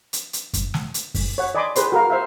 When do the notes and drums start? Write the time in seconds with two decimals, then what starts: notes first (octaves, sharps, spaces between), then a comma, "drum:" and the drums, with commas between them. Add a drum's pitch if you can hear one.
0.13 drum: hi-hat
0.33 drum: hi-hat
0.54 drum: kick F#2, hi-hat
0.74 drum: snare
0.94 drum: hi-hat
1.15 drum: kick F#2, open hi-hat
1.38 C#5 F#5
1.55 D5 D#5 G#5 B5 C6 D6
1.76 G#4 B4 C5 C6, drum: hi-hat
1.92 F#4 A#4 F5
2.10 C5 E5 F5